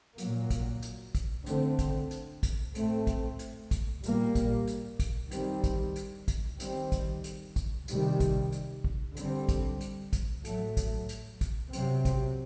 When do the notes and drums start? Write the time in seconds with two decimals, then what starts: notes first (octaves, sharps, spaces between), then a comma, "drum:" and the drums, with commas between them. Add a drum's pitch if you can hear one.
0.18 A#2 F#3 A#3, drum: hi-hat
0.50 drum: kick, hi-hat
0.83 drum: hi-hat
1.15 drum: kick, hi-hat
1.46 D3 A3 C4, drum: hi-hat
1.79 drum: kick, hi-hat
2.11 drum: hi-hat
2.43 drum: kick, hi-hat
2.75 A2 A3 C4, drum: hi-hat
3.07 drum: kick, hi-hat
3.39 drum: hi-hat
3.71 drum: kick, hi-hat
4.04 A#2 G3 A#3, drum: hi-hat
4.35 drum: kick, hi-hat
4.67 drum: hi-hat
5.00 drum: kick, hi-hat
5.31 D#3 G3 C4, drum: hi-hat
5.64 drum: kick, hi-hat
5.96 drum: hi-hat
6.28 drum: kick, hi-hat
6.60 D#3 G3 C4, drum: hi-hat
6.92 drum: kick, hi-hat
7.24 drum: hi-hat
7.56 drum: kick, hi-hat
7.88 C3 D#3 G3, drum: hi-hat
8.20 drum: kick, hi-hat
8.52 drum: hi-hat
8.84 drum: kick
9.17 D3 G3 C4, drum: hi-hat
9.49 drum: kick, hi-hat
9.81 drum: hi-hat
10.13 drum: kick, hi-hat
10.45 A2 F#3 A3, drum: hi-hat
10.77 drum: kick, hi-hat
11.09 drum: hi-hat
11.41 drum: kick, hi-hat
11.73 C3 F#3 C4, drum: hi-hat
12.05 drum: kick, hi-hat